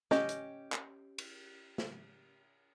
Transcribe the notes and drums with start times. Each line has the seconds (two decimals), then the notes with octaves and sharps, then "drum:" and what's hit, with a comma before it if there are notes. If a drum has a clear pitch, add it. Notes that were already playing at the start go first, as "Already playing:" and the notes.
0.11 C#4 G4 D#5, drum: snare
0.29 drum: hi-hat
0.72 drum: clap
1.18 drum: cymbal
1.78 drum: snare